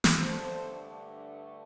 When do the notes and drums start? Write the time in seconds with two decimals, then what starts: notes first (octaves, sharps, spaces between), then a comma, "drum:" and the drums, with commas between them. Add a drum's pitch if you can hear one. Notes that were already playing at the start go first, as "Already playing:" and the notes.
0.04 drum: snare
0.19 G2 D3 A3 A4 C5